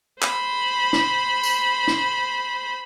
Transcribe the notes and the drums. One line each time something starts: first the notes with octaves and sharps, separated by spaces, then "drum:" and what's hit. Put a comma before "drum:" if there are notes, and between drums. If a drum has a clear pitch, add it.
C5 B5, drum: clap
drum: snare
drum: tambourine
drum: snare